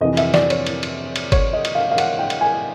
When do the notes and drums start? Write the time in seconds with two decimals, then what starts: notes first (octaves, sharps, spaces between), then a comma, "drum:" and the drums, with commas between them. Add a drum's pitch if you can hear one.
0.01 F2 C3 E3 D#5
0.17 E5, drum: cymbal
0.34 D5, drum: snare
0.50 C#5, drum: cymbal
0.67 drum: cymbal
0.83 drum: cymbal
1.16 drum: cymbal
1.32 C#5, drum: kick G#1, cymbal
1.53 D#5
1.65 drum: cymbal
1.75 F5
1.91 F5
1.98 F#5, drum: cymbal
2.19 G5
2.30 drum: cymbal
2.41 G#5